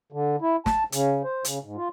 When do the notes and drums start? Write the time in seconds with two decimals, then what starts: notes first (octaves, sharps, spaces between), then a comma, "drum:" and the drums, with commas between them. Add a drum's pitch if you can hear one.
0.12 D3
0.42 E4
0.66 A5, drum: snare
0.92 C#3, drum: hi-hat
1.24 C5
1.45 C#3, drum: hi-hat
1.63 G#2
1.77 F4